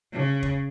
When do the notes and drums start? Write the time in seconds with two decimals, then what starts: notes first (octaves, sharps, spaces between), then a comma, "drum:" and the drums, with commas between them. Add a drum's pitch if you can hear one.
0.13 C#3
0.43 drum: kick E1